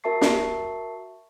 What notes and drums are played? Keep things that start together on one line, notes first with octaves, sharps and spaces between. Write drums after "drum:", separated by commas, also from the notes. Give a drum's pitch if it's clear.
F#4 A#4 E5 A5 C#6 C7
drum: snare